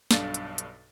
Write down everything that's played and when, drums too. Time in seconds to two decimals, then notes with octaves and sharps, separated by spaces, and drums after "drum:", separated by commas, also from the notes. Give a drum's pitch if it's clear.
0.11 B1 G2 D4 A4 F5 A6, drum: snare
0.34 drum: hi-hat
0.58 drum: hi-hat